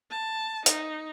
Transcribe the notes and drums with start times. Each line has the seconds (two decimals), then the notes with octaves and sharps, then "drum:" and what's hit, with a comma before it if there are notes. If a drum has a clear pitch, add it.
0.11 A5
0.66 D#4, drum: hi-hat